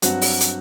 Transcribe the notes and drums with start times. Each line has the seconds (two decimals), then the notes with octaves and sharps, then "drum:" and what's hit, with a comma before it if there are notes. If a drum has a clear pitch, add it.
0.02 G2 F#3 C4 F#4 F#5, drum: hi-hat
0.21 drum: open hi-hat
0.41 drum: hi-hat